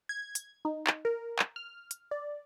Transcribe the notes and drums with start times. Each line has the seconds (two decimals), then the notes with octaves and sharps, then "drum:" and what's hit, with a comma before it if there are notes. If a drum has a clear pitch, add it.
0.09 G#6
0.35 drum: hi-hat
0.65 D#4
0.87 drum: clap
1.05 A#4
1.39 drum: clap
1.56 F6
1.91 drum: hi-hat
2.11 D5